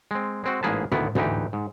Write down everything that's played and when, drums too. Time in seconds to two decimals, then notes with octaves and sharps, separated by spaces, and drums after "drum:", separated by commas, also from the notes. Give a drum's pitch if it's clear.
0.11 G#3 C4
0.44 G#3 C4 F#4
0.63 A1 G#2 A#3 G#4 B4 A5
0.92 D2 D#3 B3 E4 D5, drum: tom
1.15 D2 E3 D#4 G4, drum: tom
1.53 G#2